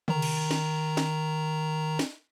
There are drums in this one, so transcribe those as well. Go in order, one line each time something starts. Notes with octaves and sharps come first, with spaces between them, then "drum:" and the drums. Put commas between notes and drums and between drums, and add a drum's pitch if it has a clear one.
D#3 A#5, drum: tom
drum: cymbal
drum: snare
drum: snare
drum: snare